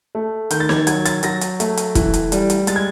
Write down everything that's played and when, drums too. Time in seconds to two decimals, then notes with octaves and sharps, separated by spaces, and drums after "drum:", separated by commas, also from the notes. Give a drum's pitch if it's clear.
0.15 A3
0.51 D#3 G6, drum: hi-hat
0.60 A6
0.69 G#6, drum: snare
0.87 F#3 G#6, drum: hi-hat
1.05 A6, drum: hi-hat
1.23 F#3 A#6, drum: hi-hat
1.41 drum: hi-hat
1.60 A3, drum: hi-hat
1.77 drum: hi-hat
1.95 E3, drum: kick, hi-hat
2.14 drum: hi-hat
2.32 G3, drum: hi-hat
2.50 drum: hi-hat
2.67 G#3 A6, drum: hi-hat
2.76 G#6